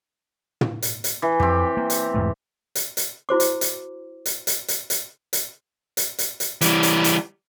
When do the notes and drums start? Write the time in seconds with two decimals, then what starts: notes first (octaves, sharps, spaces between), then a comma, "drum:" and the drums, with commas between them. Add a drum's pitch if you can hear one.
0.61 drum: tom
0.82 drum: hi-hat
1.04 drum: hi-hat
1.22 E3
1.40 F2 C4 G4
1.77 A#3
1.90 drum: hi-hat
2.14 E2 G#2 A3
2.75 drum: hi-hat
2.97 drum: hi-hat
3.29 E4 F#4 C5 D6
3.40 drum: hi-hat
3.61 drum: hi-hat
4.26 drum: hi-hat
4.47 drum: hi-hat
4.68 drum: hi-hat
4.90 drum: hi-hat
5.33 drum: hi-hat
5.97 drum: hi-hat
6.18 drum: hi-hat
6.40 drum: hi-hat
6.61 E3 G3, drum: hi-hat
6.83 drum: hi-hat
7.04 drum: hi-hat